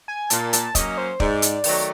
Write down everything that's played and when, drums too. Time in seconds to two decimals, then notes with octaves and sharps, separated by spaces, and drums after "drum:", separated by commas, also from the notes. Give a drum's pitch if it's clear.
0.08 G#5
0.30 A#2 A5, drum: hi-hat
0.53 A5, drum: hi-hat
0.75 F#3 A#3 C#4 D#5, drum: kick, hi-hat
0.98 C5
1.20 G#2 D5, drum: kick
1.42 drum: hi-hat
1.64 D#3 F#3 A3, drum: open hi-hat